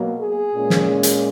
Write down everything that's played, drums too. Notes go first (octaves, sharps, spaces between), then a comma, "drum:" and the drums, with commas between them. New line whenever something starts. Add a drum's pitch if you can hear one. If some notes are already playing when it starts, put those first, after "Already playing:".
Already playing: B2 F#3 A#3
G#4
A#2 G#3 C#4
drum: snare
drum: hi-hat